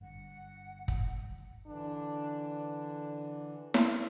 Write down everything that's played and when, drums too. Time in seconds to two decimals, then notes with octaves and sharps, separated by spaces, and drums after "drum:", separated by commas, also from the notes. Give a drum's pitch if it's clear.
0.01 G1 G2 F#5
0.88 drum: kick
1.67 D3 E3 D4
3.74 drum: snare E4